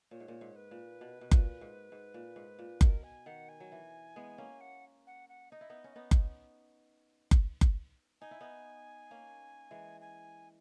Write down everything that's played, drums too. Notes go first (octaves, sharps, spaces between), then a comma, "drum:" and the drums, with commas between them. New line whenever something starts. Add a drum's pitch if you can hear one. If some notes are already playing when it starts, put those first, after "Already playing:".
A#2 C#5
G#2
A#2
G#2
B4
A#2
B2
B2
A#2, drum: kick F#1
G#2
G#2
A#2
G#2
A#2
B2 A#4, drum: kick F#1
G#5
D#3 F#5
G#5
F#3
E3
G#3 B3
A#3 C#4
F#5
F#5
F#5
D#4 D#5
E4
B3 D#4
C#4
B3 D#4
drum: kick F#1
drum: kick F#1
drum: kick F#1
D#4 G#5
E4
B3 D#4
A#3 C#4
E3 G#3
G#5